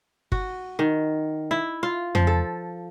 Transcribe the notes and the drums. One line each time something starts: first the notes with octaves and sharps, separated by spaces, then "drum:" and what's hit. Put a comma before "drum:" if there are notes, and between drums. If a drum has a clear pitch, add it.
F#4, drum: kick
D#3
E4
F4
F3, drum: tom
A4